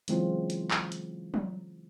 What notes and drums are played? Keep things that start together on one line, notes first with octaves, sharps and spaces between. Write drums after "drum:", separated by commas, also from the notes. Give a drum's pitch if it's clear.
C#3 E3 F#3 G#3 C4 F4, drum: hi-hat
drum: hi-hat
drum: clap
drum: hi-hat
drum: tom F#3